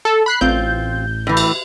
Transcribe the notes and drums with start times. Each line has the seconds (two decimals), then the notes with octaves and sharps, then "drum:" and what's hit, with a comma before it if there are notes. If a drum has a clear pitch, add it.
0.05 A4
0.26 B5 F#6 C7
0.41 A1 C4 F4 G6
1.27 A2 E3
1.37 drum: cymbal